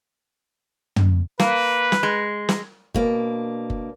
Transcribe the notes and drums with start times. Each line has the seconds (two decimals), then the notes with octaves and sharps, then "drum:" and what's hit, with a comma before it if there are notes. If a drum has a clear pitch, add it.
0.96 drum: tom
1.40 A#3 B4, drum: snare
1.92 drum: snare
2.03 G#3
2.49 drum: snare
2.94 B2 A#3 D4, drum: kick F#1
3.70 drum: kick F#1